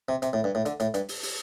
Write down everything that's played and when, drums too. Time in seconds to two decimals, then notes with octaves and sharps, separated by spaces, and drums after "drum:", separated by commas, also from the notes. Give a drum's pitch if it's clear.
0.09 C3
0.22 C3, drum: hi-hat
0.33 A2
0.44 G2
0.55 A2
0.66 D3, drum: hi-hat
0.80 A2, drum: hi-hat
0.94 G2, drum: hi-hat
1.09 drum: open hi-hat
1.23 drum: open hi-hat